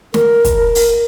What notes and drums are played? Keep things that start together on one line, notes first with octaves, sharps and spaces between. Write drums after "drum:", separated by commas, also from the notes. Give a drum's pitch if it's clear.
A#4, drum: snare
drum: kick, hi-hat
drum: open hi-hat